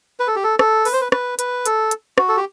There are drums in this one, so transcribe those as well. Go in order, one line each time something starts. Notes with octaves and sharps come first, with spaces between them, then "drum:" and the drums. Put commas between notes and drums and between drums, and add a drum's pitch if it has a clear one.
B4
A4
G4
A4
A4, drum: rim click
B4, drum: open hi-hat
C5
B4
B4, drum: rim click
B4, drum: hi-hat
A4, drum: hi-hat
drum: hi-hat
F#4, drum: rim click
A4
G4